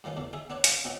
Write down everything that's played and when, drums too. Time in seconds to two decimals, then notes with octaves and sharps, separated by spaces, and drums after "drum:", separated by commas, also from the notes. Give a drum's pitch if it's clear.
0.04 G2 D#3 F3 C#4 D#4
0.17 E2 B2 D3
0.33 D#4 G#4 E5
0.50 B3 D4 B4 C#5
0.64 F5 G#5, drum: hi-hat
0.85 B2 C4 C#4 D#4 F4 F#4